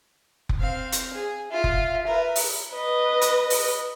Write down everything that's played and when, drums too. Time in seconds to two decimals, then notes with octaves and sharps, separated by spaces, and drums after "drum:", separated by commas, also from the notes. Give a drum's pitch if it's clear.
0.49 drum: kick F1
0.60 C4 F5
0.92 drum: hi-hat
1.13 G#4
1.51 F4 E5
1.64 drum: kick F1
2.07 A#4 B4
2.36 drum: open hi-hat
2.73 B4 D#5
3.21 drum: hi-hat
3.50 drum: open hi-hat